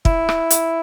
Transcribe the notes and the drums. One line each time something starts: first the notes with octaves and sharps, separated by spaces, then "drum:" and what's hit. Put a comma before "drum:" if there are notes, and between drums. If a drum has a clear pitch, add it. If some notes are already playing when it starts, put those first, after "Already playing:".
E4, drum: kick
drum: rim click
drum: hi-hat